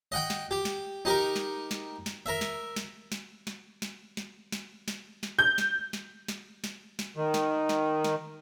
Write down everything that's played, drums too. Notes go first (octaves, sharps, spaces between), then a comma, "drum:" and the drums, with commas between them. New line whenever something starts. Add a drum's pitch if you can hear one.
D#5 F#5 G5
drum: snare
G4
drum: snare
D#4 G4 A#4
drum: snare
drum: snare
drum: snare
A#4 E5
drum: snare
drum: snare
drum: snare
drum: snare
drum: snare
drum: snare
drum: snare
drum: snare
drum: snare
G6
drum: snare
drum: snare
drum: snare
drum: snare
drum: snare
D#3
drum: snare
drum: snare
drum: snare